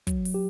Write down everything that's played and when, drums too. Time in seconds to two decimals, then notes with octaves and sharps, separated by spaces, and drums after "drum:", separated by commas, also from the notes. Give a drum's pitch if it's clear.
0.07 F#3, drum: kick, hi-hat
0.25 drum: open hi-hat
0.34 G4